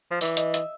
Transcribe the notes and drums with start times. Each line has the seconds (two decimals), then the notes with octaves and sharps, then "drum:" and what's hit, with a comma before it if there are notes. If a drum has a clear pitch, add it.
0.11 F3
0.21 E3 D5, drum: open hi-hat
0.37 D#5, drum: hi-hat
0.54 E5, drum: hi-hat